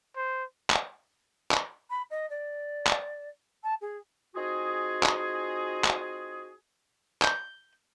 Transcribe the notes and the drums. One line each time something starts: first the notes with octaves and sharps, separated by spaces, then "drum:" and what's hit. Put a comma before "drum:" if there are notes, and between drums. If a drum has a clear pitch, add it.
C5
drum: clap
drum: clap
B5
D#5
D5
drum: clap
A5
G#4
C4 D#4 F4 F#4 G#4
drum: clap
drum: clap
G6, drum: clap